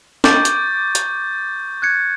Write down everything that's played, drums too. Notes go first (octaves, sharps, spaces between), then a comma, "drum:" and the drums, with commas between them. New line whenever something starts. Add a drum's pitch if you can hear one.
C#6 D6 G6 A6, drum: snare
drum: hi-hat
drum: hi-hat
F#6 G#6 C#7